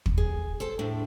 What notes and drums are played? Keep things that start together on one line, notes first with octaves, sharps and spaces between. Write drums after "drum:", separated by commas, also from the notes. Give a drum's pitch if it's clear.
drum: kick
G#4
A4 C5 A5
A2 A3 D4